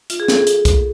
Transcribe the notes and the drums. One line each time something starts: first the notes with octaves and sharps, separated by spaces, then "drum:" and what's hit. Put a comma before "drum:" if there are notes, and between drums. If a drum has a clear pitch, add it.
F4, drum: hi-hat
G#4
A4, drum: snare
G#4
drum: hi-hat
drum: kick B1, hi-hat